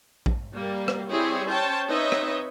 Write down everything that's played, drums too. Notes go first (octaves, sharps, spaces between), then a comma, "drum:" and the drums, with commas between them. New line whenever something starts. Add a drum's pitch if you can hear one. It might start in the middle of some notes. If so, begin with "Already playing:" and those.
drum: kick A#1
G3 A#3
drum: rim click
G3 C4 E4 G4 G#4 C#5
C#4 C5 C#5 G5 A5
C4 D#4 B4 C#5 D#5 E5
drum: rim click